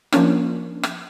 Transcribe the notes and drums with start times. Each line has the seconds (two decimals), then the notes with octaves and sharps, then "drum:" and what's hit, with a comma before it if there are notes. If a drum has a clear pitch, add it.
0.12 F3 A#3 C#4 D4, drum: rim click
0.83 drum: rim click